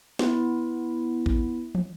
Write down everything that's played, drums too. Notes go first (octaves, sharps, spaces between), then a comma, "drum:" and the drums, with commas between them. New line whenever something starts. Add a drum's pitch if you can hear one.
B3 E4, drum: snare
drum: kick A1
drum: tom